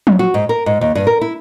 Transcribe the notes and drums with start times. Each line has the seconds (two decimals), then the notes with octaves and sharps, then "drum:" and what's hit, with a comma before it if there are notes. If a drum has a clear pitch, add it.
0.07 drum: tom F3
0.19 F#4
0.34 G#2
0.49 A#4
0.66 G#2
0.81 D#2
0.95 G2
1.07 A#4
1.21 E4